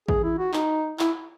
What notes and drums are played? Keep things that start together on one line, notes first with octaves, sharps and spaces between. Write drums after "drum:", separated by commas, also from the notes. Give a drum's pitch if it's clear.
G#4, drum: kick A1
E4
F#4
D#4, drum: clap
E4, drum: clap